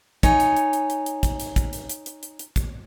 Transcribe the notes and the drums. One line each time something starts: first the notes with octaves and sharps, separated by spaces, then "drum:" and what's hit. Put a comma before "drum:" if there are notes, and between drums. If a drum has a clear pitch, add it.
D#4 C#5 G#5, drum: kick, hi-hat
drum: hi-hat
drum: hi-hat
drum: hi-hat
drum: hi-hat
drum: hi-hat
drum: kick, hi-hat
drum: hi-hat
drum: kick, hi-hat
drum: hi-hat
drum: hi-hat
drum: hi-hat
drum: hi-hat
drum: hi-hat
drum: kick, hi-hat